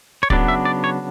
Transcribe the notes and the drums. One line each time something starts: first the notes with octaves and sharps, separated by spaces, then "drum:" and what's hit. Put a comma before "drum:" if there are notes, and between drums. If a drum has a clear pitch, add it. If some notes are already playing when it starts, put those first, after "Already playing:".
C#5
C#3 F#3 B3 D4 D5, drum: kick
E5
D5
C#5